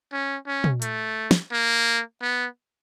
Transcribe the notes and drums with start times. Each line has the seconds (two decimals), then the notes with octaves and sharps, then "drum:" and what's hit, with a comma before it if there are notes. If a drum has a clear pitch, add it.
0.12 C#4
0.47 C#4
0.64 drum: tom
0.82 A3, drum: hi-hat
1.31 drum: snare
1.52 A#3
2.22 B3